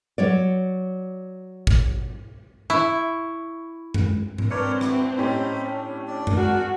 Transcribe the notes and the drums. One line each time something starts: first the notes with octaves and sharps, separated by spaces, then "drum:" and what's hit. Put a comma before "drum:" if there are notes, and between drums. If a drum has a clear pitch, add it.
F#3 C#5 D5
drum: kick
E4 C#6
drum: tom F#2
drum: tom G#2
C4 D4 A#4 B4 C#5 D5 C#7
E4 F#4, drum: rim click
A2 C#4 D#4 G4 C5 B5
D4
D4 D5
drum: tom F#2
D4 F#4 G#4 A#4